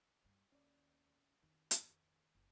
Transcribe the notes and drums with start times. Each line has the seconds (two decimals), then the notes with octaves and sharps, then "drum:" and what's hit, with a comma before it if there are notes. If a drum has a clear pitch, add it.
0.25 G2
0.52 D#2 C#4 D5
1.43 F2 D#3
1.71 drum: hi-hat
2.35 F#1